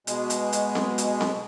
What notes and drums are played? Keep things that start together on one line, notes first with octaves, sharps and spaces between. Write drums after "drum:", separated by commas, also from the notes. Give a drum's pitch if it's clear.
B2 G#3, drum: hi-hat
drum: hi-hat
drum: hi-hat
drum: snare C4
drum: hi-hat
drum: snare C4